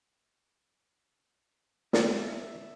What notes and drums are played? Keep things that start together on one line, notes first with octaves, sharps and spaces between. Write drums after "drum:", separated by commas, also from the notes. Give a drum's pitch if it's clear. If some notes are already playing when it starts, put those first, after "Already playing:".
B3 C#4 D#5 E5, drum: snare